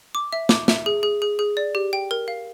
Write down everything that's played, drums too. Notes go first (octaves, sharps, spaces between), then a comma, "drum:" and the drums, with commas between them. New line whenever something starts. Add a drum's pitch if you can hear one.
D6
E5
D6, drum: snare
E5, drum: snare
G#4
G#4
G#4
G#4
D5
G4
G5
A#4
F5